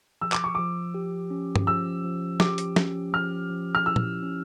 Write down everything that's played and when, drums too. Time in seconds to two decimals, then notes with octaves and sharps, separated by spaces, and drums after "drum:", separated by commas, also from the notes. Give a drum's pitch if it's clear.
0.21 F3 E6
0.32 D6, drum: clap
0.44 C#6
0.55 F3 D6
0.94 G4
1.30 C#4
1.56 drum: tom G2
1.67 F3 E6
2.04 F3
2.40 G4 D6, drum: snare
2.58 drum: hi-hat
2.76 C#4, drum: snare
3.13 F3 F6
3.50 F3
3.75 F6
3.86 E4 E6
3.96 drum: tom
4.23 C#4